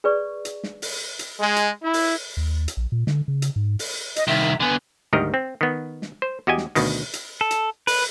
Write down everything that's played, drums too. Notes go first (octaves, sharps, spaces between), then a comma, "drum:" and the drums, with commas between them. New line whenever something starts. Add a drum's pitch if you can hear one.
G#4 B4 D5 C#6
drum: hi-hat
drum: snare
drum: open hi-hat
drum: hi-hat
G#3
drum: hi-hat
E4
drum: open hi-hat
D#2
drum: hi-hat
A#1
A#2
D3, drum: snare
C#3
drum: hi-hat
G#2
drum: open hi-hat
D#5, drum: hi-hat
C2 D#3 E5
D3 B3 G#5
G#1 D2 D#3 G3 A#4 D#5
C4
D#3 B3
drum: snare
C5
E2 F#4 G4 D#5 G#5
drum: snare
D2 B2 D#3, drum: open hi-hat
drum: hi-hat
A4
drum: hi-hat
B4, drum: open hi-hat